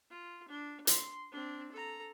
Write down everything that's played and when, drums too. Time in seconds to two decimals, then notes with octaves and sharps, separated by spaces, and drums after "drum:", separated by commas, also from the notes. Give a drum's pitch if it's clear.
0.10 F4
0.49 D4
0.87 C6, drum: hi-hat
1.32 C4 D4
1.72 A4 A#5